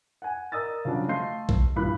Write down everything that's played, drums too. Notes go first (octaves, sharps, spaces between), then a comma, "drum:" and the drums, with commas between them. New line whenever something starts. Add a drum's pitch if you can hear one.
F#5 G#5
A#4 D5 D#5 D#6 E6 A6
C#3 F3 F#3 D4
A3 D#5 F5 C6 G6 C7
drum: kick A#1
G2 A#2 E3 B5 F#6